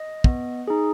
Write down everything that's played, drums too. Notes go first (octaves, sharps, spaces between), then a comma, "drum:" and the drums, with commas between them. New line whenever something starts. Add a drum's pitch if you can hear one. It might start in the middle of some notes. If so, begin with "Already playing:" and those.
Already playing: D#5
B3, drum: kick
D#4 G#4